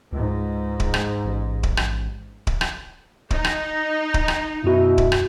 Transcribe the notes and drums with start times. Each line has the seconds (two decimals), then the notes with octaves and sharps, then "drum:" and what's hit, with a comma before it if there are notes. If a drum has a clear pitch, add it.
0.13 C#2 G#2
0.80 drum: kick D1
0.94 drum: rim click
1.25 A1
1.63 drum: kick D1
1.77 drum: rim click
2.47 drum: kick D1
2.61 drum: rim click
3.31 D#4, drum: kick D1
3.44 drum: rim click
4.14 drum: kick D1
4.28 drum: rim click
4.64 F#2 B2 E4 F#4
4.98 drum: kick D1
5.12 drum: rim click